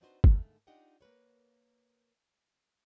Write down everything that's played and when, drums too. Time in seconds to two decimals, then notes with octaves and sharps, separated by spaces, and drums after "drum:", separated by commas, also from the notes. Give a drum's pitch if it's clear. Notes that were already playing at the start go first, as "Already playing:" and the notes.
0.01 C4 D4 D#4 F#4 B4 C5
0.24 G#2 D3 A3 A#3, drum: kick G1
0.67 D4 D#4 F4 G4 F#5 G5
1.01 A#3 A#4 B4 C#5